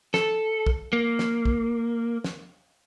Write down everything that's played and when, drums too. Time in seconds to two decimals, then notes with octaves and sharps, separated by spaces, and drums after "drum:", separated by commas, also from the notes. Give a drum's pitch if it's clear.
0.14 A4, drum: snare
0.67 drum: kick
0.93 A#3
1.19 drum: snare
1.45 drum: kick
2.24 drum: snare